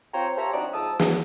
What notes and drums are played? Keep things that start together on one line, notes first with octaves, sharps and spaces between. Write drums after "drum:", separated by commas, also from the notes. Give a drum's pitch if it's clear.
C4 F4 C5 C#5 G5 A#5
G4 C5 C#5 E5 A5 A#5
F#3 C4 D4 D#4 F#4 D5
G#2 F3 A5 D#6 E6
E2, drum: snare